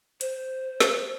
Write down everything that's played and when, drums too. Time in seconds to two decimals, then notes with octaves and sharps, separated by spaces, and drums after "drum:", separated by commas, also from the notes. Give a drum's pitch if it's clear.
0.21 C5, drum: hi-hat
0.80 drum: snare